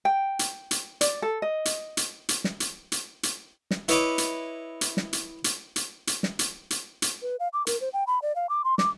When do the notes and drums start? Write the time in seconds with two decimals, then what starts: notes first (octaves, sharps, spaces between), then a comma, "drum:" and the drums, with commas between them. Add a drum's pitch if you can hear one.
0.05 G5
0.39 drum: hi-hat
0.71 drum: hi-hat
1.01 D5, drum: hi-hat
1.22 A4
1.42 D#5
1.65 drum: hi-hat
1.97 drum: hi-hat
2.29 drum: hi-hat
2.44 drum: snare
2.60 drum: hi-hat
2.92 drum: hi-hat
3.23 drum: hi-hat
3.71 drum: snare
3.88 E4 B4 C#5 D#5 B5 D6, drum: hi-hat
4.18 drum: hi-hat
4.81 drum: hi-hat
4.97 drum: snare
5.13 drum: hi-hat
5.44 drum: hi-hat
5.76 drum: hi-hat
6.07 drum: hi-hat
6.23 drum: snare
6.39 drum: hi-hat
6.70 drum: hi-hat
7.02 drum: hi-hat
7.22 B4
7.40 F5
7.53 D6
7.67 A#4, drum: hi-hat
7.81 C5
7.93 G5
8.07 B5
8.22 D5
8.36 F5
8.49 D6
8.64 C6
8.78 D6, drum: snare